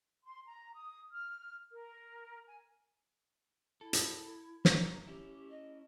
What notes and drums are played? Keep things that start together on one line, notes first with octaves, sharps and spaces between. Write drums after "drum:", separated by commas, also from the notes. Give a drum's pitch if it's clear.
C6
A#5
D#6
F6
A#4
G#5
E4 A4
drum: hi-hat
F#2 A#5, drum: snare
C#4 E4 G4
D#5